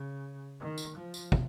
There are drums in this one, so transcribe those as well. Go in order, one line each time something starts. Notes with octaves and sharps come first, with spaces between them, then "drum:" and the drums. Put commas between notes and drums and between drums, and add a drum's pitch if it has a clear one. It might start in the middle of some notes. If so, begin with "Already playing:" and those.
Already playing: C#3
D#3
drum: tambourine
F3
drum: tambourine
drum: kick